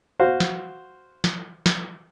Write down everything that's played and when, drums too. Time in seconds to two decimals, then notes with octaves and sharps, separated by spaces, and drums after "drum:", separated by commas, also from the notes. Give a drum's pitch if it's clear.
0.19 F#4 C5 F5
0.40 drum: snare
1.24 drum: snare
1.66 drum: snare